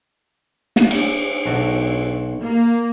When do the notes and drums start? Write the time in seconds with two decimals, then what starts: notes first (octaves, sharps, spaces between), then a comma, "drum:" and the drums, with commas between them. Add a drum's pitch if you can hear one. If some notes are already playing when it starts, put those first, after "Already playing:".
0.76 drum: snare
0.91 drum: cymbal
1.46 B1 F#4 A5
2.41 A#3